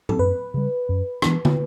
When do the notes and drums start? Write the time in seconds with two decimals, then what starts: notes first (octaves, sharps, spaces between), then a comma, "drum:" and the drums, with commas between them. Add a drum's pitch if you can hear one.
0.09 A4, drum: tom
0.19 F#2 B4
0.54 C#3 G3
0.89 F#2
1.22 E3 B3 D4, drum: rim click
1.45 drum: tom